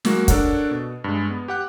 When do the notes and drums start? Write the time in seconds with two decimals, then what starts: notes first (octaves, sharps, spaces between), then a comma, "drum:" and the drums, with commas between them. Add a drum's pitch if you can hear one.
0.05 F#3 G#3 A#3 F#4, drum: snare
0.28 D4 A4 A#4 C#5 F#5, drum: kick, hi-hat
0.71 B2
1.04 G2 G#3
1.30 B3
1.48 G4 F#5 F#6